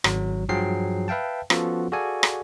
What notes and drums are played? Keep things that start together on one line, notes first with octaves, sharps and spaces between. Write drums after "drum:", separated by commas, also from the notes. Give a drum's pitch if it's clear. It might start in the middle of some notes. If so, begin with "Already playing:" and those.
G#1 F#3, drum: rim click
G2 F3 F#3 G#4 G5 C7
B4 E5 F5 G5 A5
F3 B3 C#4 F4 F#4 A4, drum: rim click
F#4 G#4 A4 D5 F5 G#5
drum: rim click